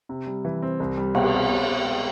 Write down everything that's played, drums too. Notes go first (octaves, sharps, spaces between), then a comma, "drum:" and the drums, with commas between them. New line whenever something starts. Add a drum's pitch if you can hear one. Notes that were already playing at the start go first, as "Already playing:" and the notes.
C3
G3
E3
C4
C2
G3
B2, drum: cymbal
C4
B2
C4
G#3